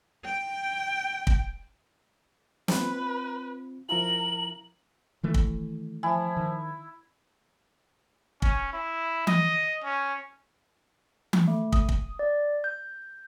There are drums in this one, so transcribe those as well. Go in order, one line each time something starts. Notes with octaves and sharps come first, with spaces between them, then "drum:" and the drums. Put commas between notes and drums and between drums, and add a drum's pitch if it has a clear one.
G5
drum: kick
C4 F4 B4, drum: snare
F3 E4 F4 A#4 F#7
D#3 E3 A3
drum: kick
F3 E4 G#5
D#3
C#4, drum: kick
E4
D#5, drum: tom E3
C#4
drum: tom E3
A3
D#6, drum: kick
drum: kick
D5
G6